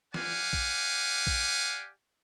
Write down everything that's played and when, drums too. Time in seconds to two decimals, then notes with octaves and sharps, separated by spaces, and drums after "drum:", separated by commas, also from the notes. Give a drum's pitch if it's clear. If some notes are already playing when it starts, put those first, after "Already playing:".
0.14 G4 D5 F5 F#5 G#5, drum: snare
0.53 drum: kick
1.27 drum: kick